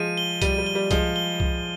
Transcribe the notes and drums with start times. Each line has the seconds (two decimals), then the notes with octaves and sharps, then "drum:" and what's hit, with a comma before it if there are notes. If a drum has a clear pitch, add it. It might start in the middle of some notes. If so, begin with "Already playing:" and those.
Already playing: F3 G#3 D#7
0.18 G7
0.42 G3 D#7, drum: kick C2, hi-hat
0.58 G3
0.67 G7
0.75 G3
0.91 F3 G#3 G7, drum: kick C2, hi-hat
1.16 G7
1.40 drum: kick C2